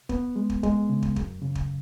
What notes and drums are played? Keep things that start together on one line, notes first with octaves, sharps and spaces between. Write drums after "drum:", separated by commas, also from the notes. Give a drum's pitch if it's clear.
B3, drum: kick
G#3
drum: kick
G#3, drum: kick
C#3
drum: kick
F#2, drum: kick
C#3
drum: kick